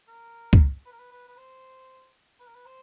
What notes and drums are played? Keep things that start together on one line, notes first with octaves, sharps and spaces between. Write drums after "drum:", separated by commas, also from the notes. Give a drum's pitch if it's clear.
A#4
drum: kick C#2
B4
A#4
B4
B4
B4
C5
B4
A#4
B4
C5